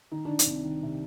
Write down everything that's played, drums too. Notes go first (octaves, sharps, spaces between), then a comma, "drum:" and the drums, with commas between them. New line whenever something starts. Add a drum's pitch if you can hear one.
D#3 D#4
D#3 D4
D4, drum: hi-hat
C2
D#3
C3